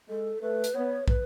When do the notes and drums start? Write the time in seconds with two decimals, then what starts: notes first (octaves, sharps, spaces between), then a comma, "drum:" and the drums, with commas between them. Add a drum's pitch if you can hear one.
0.08 G#3 A4
0.42 A3 B4
0.64 drum: hi-hat
0.75 B3 C#5
1.08 B4, drum: kick